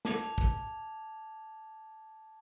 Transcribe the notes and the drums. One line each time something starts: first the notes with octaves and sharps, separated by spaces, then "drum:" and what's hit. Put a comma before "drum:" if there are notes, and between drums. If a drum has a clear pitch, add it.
A5 D6 G#6 F7, drum: snare
drum: kick